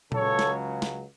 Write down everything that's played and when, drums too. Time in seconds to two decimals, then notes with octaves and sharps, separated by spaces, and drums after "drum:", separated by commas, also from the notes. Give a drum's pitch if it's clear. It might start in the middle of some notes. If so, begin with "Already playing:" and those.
0.12 C#2 C#3 F#3 A4 C#5, drum: tom A#2
0.39 drum: snare
0.82 drum: snare